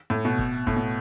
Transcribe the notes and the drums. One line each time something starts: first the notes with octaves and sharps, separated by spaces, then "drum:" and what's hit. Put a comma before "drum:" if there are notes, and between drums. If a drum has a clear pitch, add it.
A2
B2
drum: kick
A2, drum: kick
B2